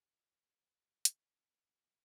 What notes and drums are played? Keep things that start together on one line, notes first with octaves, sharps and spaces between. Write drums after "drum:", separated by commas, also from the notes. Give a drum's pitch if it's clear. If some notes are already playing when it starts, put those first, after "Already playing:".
Already playing: E3 B3 E4 F#4 G4
E3
C#5
G3 C5
E3
B3, drum: hi-hat
B2
A#3